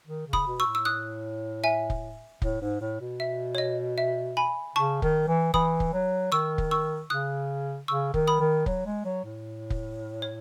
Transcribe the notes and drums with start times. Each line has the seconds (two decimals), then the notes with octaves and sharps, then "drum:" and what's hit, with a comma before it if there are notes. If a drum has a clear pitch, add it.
0.07 D#3
0.27 C#3
0.33 B5 D#6, drum: kick
0.46 B2
0.60 C#6 E6
0.66 A2
0.75 E6
0.85 D#6 F#6
1.64 E5 G#5
1.90 drum: kick
2.42 A2, drum: kick
2.61 G#2
2.81 A2
3.00 B2
3.20 E5
3.55 C#5
3.58 D#5
3.98 E5
4.37 G#5 B5
4.76 C#3 A5 C#6
5.02 D#3, drum: kick
5.28 E3
5.54 E3 B5 D#6, drum: kick
5.80 drum: kick
5.93 F#3
6.32 D#3 C#6 E6
6.58 drum: kick
6.71 C#6 E6
7.10 C#3 D#6 F#6
7.88 C#3 C#6 E6
8.14 D#3, drum: kick
8.27 B5 D#6
8.40 D#3
8.66 F#3, drum: kick
8.86 G#3
9.05 F#3
9.24 A2
9.70 drum: kick
10.22 C#5